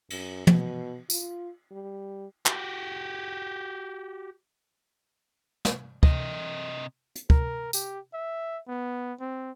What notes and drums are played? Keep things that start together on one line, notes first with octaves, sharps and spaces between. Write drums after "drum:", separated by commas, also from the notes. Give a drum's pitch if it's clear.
F#2, drum: cymbal
B2, drum: tom
F4, drum: tambourine
G3
F#4 G4, drum: clap
drum: snare
C3 D#5, drum: kick
drum: hi-hat
A#4, drum: kick
G4, drum: tambourine
E5
B3
C4